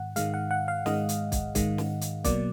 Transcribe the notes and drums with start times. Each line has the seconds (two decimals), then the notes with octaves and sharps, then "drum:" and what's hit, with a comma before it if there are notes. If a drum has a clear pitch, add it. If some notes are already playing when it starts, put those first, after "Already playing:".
Already playing: G#2 D#3 F#5
0.16 G#2 D#3 G#3 F5, drum: hi-hat
0.34 F#5
0.51 F#5
0.68 F5
0.86 G#2 D#3 G#3 D#5, drum: snare
1.09 drum: hi-hat
1.32 drum: kick, hi-hat
1.55 G#2 D#3 G#3, drum: kick, hi-hat
1.78 drum: snare
2.01 drum: hi-hat
2.24 B2 F#3 A#3 D5, drum: kick, hi-hat